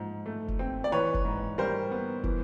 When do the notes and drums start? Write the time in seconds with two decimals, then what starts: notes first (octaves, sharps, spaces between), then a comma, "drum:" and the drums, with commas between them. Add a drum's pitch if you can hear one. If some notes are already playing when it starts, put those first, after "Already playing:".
Already playing: G#2 F3
0.26 A3
0.48 drum: kick
0.59 C4
0.84 D5
0.92 E3 B4 C#5
1.14 drum: kick
1.25 G#2
1.58 G3 A#4 C5
1.91 B3
2.24 E3, drum: kick